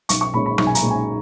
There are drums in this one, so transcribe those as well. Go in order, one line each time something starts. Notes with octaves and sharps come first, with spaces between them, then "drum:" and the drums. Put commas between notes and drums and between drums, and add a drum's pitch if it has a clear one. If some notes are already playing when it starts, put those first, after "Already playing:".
B1 C#6, drum: hi-hat
C#6
A#2 G#3 C#4 B5
B5
B1 C#6, drum: rim click
G#5
A#5, drum: hi-hat
A#2 G#3 C#4
G#5